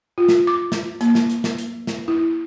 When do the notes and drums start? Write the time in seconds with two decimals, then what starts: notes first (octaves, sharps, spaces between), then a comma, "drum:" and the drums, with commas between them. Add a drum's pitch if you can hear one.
0.18 F4
0.28 drum: snare
0.47 D6
0.72 drum: snare
1.01 A#3, drum: hi-hat
1.15 drum: snare
1.30 drum: hi-hat
1.44 drum: snare
1.58 drum: hi-hat
1.87 drum: snare
2.08 E4